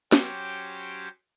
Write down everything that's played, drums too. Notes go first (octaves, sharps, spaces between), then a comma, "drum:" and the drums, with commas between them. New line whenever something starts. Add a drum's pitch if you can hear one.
F#3 C#4 G4 C5 G5 D6, drum: snare